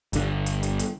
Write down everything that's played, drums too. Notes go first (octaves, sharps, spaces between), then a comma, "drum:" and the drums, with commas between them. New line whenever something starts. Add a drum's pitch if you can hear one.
G1 D3, drum: hi-hat
drum: hi-hat
drum: hi-hat
drum: hi-hat